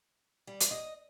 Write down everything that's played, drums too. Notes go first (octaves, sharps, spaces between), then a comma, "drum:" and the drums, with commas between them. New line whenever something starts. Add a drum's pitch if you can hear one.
G3
drum: hi-hat
D#5